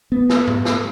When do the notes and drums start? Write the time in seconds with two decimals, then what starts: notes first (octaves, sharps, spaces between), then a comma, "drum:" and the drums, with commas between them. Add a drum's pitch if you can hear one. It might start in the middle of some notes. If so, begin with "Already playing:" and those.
0.12 B3
0.30 drum: snare
0.47 drum: tom G#2
0.65 drum: snare